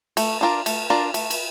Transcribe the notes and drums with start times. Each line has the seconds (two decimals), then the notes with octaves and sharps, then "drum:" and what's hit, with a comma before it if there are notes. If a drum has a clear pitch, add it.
0.17 A3, drum: cymbal
0.41 D4 F4 A#4 D5
0.66 A3, drum: cymbal
0.90 D4 F4 A#4 D5
1.14 A3, drum: cymbal
1.30 drum: cymbal